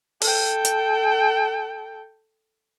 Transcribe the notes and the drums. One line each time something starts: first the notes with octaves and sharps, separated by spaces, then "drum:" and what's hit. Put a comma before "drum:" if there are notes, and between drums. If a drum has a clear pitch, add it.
A4 G5, drum: open hi-hat
drum: hi-hat